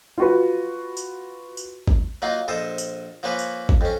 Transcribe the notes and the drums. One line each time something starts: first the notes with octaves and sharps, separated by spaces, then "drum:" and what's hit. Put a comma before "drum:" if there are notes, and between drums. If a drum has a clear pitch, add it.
F4 F#4 B4
drum: tambourine
drum: tambourine
drum: kick
F#3 A#3 D#4 F4
A#1 A4 C5 D#5 D#6
drum: tambourine
F3 A#3 C#4 B4 C#5
drum: tambourine
drum: kick
F2 C#4